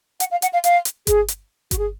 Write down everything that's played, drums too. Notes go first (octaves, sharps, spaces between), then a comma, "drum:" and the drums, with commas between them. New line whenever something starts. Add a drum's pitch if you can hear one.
F#5, drum: hi-hat
F5
F#5, drum: hi-hat
F5
F5, drum: hi-hat
drum: hi-hat
G#4, drum: kick G1, hi-hat
drum: hi-hat
F#4, drum: kick G1, hi-hat
G#4